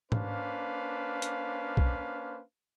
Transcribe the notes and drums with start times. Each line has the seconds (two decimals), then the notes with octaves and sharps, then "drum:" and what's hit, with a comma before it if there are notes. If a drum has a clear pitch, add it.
0.12 A#3 C#4 D4 B4 C5 F5, drum: tom G#2
1.22 drum: hi-hat
1.77 drum: kick B1